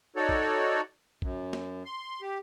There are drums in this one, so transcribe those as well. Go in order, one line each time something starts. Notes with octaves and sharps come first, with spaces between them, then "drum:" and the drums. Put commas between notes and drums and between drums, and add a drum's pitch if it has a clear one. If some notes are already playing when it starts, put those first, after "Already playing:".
D#4 F#4 A4 C#5 D5
drum: kick
F#2, drum: kick
drum: snare
C6
G4